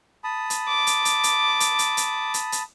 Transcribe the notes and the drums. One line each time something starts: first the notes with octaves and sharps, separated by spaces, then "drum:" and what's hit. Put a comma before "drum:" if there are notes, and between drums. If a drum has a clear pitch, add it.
A5 B5 D#6
drum: hi-hat
D6
drum: hi-hat
drum: hi-hat
drum: hi-hat
drum: hi-hat
drum: hi-hat
drum: hi-hat
drum: hi-hat
drum: hi-hat